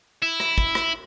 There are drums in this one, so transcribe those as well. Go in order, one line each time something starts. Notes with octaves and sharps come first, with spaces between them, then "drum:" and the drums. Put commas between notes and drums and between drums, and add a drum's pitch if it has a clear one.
E4
drum: rim click
drum: kick
drum: rim click